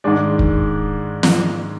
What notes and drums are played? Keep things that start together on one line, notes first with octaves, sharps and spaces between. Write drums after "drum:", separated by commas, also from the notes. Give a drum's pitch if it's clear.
G#2 D#3 G#3 D4
drum: kick
drum: snare